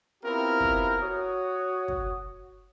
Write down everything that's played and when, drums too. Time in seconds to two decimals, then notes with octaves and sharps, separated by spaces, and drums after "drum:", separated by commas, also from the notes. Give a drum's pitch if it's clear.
0.24 B3 C4 E4 F4 G4 A#4
0.60 drum: kick
1.01 F#4 C#5 D#6
1.88 drum: kick